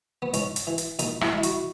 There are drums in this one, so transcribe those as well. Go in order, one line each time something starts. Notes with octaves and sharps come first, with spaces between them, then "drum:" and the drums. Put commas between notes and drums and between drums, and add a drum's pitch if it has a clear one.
B3
G#2 C#4, drum: hi-hat
drum: hi-hat
E3
drum: hi-hat
A#2 D#4, drum: hi-hat
E4, drum: rim click
G#3 E4
F#4, drum: hi-hat